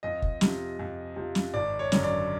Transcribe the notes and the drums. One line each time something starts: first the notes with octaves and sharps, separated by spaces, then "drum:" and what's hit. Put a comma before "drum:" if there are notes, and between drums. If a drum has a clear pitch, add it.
F2 D#5
drum: kick
C3 F3, drum: snare
F2
C3 F3
drum: snare
G#1 D5
C#5
F#2 D3 F#3, drum: snare
D5